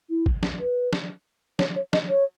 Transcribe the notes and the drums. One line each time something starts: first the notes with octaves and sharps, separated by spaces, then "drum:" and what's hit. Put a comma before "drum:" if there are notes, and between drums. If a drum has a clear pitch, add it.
E4
drum: kick
drum: snare
B4
drum: snare
C#5, drum: snare
C#5
D#5, drum: snare
C#5